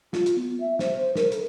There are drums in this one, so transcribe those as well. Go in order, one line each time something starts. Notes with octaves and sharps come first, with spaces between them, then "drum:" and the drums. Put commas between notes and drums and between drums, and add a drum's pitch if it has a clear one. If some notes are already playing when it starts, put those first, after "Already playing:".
F4, drum: snare
drum: hi-hat
B3
E5
C5, drum: snare
C5
A#4, drum: snare
A4, drum: hi-hat